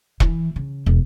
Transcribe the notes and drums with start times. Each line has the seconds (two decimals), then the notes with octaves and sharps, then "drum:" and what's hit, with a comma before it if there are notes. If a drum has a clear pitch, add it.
0.20 E3, drum: kick E1
0.56 C#3
0.86 E1